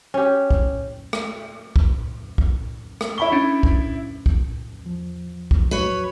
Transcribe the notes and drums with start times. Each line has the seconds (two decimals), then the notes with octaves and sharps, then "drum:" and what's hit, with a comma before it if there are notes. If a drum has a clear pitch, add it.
0.14 C#4 G4
0.51 drum: kick
1.13 drum: rim click
1.76 drum: kick
2.38 drum: kick
3.01 drum: rim click
3.18 E4 B5 C#6 G7
3.32 C#4 D4
3.63 drum: kick
4.26 drum: kick
4.82 E2 F3
5.51 drum: kick
5.71 F#3 B4 C#5